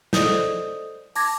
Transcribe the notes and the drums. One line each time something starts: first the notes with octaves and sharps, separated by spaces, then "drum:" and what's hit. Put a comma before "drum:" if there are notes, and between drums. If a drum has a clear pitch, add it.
A4 C5 D5 D#5 D#6 G6, drum: snare
A5 D6 G#6 A#6, drum: open hi-hat